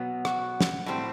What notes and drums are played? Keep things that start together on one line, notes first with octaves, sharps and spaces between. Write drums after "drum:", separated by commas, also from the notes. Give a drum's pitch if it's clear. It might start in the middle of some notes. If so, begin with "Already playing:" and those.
Already playing: B2 F#3 B3
F#4, drum: rim click
drum: snare
A2 G3 C4